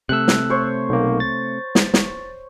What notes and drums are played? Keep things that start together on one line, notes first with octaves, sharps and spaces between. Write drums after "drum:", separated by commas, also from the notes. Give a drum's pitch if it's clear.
C3 A3 E6 F#6
drum: snare
C5 C#5
B1 A#3
A6
drum: snare
drum: snare